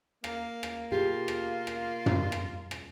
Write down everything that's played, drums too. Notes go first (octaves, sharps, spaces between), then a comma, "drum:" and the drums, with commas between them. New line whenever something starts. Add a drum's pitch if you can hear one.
A#3 F5, drum: rim click
drum: rim click
B2 F4 G4 G#4
drum: rim click
drum: rim click
drum: tom
drum: rim click
drum: rim click